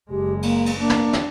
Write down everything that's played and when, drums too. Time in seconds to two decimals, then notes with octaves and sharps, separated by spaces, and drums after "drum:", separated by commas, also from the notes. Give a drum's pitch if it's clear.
0.11 F#1 G#3 G4
0.42 A#3, drum: cymbal
0.66 drum: cymbal
0.79 A#3 D4
0.90 drum: snare
1.13 drum: snare